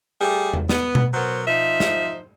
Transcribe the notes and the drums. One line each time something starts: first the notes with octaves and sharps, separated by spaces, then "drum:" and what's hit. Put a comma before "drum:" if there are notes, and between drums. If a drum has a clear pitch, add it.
G3 A3 G4 G#4
drum: tom E2
B3, drum: snare
drum: tom B2
F#3 B3 A#4 C5
F3 D#4 C5 E5
drum: snare